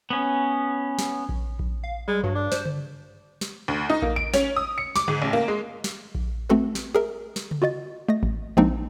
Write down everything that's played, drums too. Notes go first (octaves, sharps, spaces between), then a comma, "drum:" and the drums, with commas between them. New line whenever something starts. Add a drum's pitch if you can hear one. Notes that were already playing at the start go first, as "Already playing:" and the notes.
B3 C#4
drum: snare
drum: kick A#1
drum: kick A#1
F5
G3 G#3
G2 F#3
D4
C5, drum: snare
drum: tom C#3
drum: snare
D2
D#4
A#3, drum: kick A#1
D7
C#4, drum: snare
D#6
C#7
D6, drum: snare
G#2, drum: tom C#3
A1
A#3
G#3
drum: snare
drum: kick A#1
A3 C4 F#4 A4 B4
drum: snare
G#4 A#4 E5
drum: snare
drum: tom C#3
F4 F#4 D#5 A6
A3 D#5 A#6
A1
F3 G#3 A#3 C4 D4 D#4, drum: kick A#1